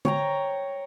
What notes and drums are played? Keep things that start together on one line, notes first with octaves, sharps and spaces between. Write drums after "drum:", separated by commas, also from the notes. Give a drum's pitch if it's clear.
C#5 G5 A#5, drum: tom